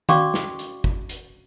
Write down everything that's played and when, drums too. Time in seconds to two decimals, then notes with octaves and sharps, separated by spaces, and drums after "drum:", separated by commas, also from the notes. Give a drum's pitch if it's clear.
0.09 C#4 F#4 D5 F5 C#6 D6, drum: tom D#3
0.34 drum: snare
0.59 drum: hi-hat
0.84 drum: kick
1.09 drum: hi-hat